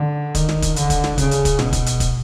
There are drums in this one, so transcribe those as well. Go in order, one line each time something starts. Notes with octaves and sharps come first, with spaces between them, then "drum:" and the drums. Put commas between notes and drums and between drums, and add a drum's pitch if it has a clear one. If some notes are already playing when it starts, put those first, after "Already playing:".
Already playing: D3
D#3, drum: kick, hi-hat
drum: snare
drum: kick, hi-hat
D3, drum: hi-hat
drum: kick, hi-hat
drum: snare
C#3, drum: kick, hi-hat
drum: hi-hat
drum: kick, hi-hat
B2, drum: snare
drum: kick, hi-hat
drum: hi-hat
drum: kick, hi-hat